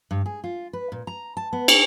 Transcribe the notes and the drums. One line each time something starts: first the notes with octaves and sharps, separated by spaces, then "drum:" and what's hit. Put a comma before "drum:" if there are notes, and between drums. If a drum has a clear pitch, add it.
G2
G#4
F4
B4
A#2
A#5
A5
B3
drum: cymbal